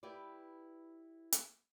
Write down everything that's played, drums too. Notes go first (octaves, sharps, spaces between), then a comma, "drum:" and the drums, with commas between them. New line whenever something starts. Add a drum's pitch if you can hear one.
E4 G4 B4 D5
drum: hi-hat